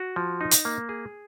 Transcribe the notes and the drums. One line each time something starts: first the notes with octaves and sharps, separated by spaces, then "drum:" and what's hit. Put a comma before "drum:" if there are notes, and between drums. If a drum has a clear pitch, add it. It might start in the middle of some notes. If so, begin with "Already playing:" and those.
Already playing: F#4
F3
D#4
drum: hi-hat
A#3
G#4